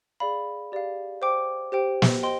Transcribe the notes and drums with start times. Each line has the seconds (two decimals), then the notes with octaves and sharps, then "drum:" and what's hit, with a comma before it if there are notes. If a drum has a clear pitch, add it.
0.20 G#4 D5 F5 B5
0.72 G4 D5 F5
1.22 C5 G5 D6
1.72 G4 C5 G5
2.02 drum: snare
2.23 C5 D#5 G5 C6